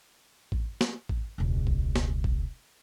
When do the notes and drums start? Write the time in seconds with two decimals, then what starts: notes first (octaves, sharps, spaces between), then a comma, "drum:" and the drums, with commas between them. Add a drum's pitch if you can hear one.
0.52 drum: kick
0.81 drum: snare
1.09 drum: kick
1.38 E1 C#2
1.67 drum: kick
1.96 drum: snare
2.24 drum: kick